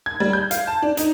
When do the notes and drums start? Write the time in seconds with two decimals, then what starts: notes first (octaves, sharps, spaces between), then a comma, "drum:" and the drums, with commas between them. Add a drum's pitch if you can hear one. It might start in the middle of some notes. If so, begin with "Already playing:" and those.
0.06 G#6
0.20 G3
0.33 G6
0.51 F5, drum: hi-hat
0.67 A5
0.82 D4
0.97 D#4, drum: hi-hat